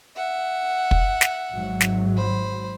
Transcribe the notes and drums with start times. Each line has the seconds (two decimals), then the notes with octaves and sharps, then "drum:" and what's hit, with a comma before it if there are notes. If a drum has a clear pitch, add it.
0.16 E5 F#5
0.91 drum: kick
1.21 drum: snare
1.51 G#1 G#2 F#3
1.81 drum: snare
2.16 C5 B5